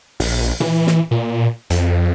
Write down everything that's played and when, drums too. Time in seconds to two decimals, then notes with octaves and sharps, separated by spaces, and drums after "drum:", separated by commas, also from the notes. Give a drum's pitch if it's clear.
0.20 A#1, drum: open hi-hat
0.60 E3, drum: tom A#2
0.87 drum: snare
1.11 A#2
1.70 F2, drum: hi-hat